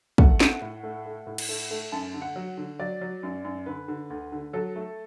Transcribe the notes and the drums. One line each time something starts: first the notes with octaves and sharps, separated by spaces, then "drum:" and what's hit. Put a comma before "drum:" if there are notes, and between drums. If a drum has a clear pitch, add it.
A3 F#5, drum: kick
A3, drum: snare
A2
A3
A3
A2
drum: cymbal
A3
A3
F#2 A5
D3
F#5
F#3
D3
F#3 D5
F#3
F#2
F#2
D3 B4
D3
D2
D3
F#3 A4
A3